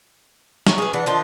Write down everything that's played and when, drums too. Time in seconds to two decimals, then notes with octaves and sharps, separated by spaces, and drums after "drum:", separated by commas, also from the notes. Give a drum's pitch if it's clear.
0.67 F#3 C#6, drum: snare
0.78 G#4 B4
0.93 E3 D4 F#5
1.06 D#3 F3 D4 C6